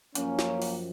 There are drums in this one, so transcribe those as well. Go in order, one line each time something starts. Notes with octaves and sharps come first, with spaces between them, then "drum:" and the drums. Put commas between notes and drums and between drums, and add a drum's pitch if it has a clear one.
F#2 F3 A#3 C#4, drum: hi-hat
drum: snare
drum: open hi-hat